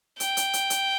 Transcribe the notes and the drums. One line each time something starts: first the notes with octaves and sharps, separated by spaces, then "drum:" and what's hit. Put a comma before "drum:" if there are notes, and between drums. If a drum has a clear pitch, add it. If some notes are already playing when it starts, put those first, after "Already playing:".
G5, drum: hi-hat
drum: hi-hat
drum: hi-hat
drum: hi-hat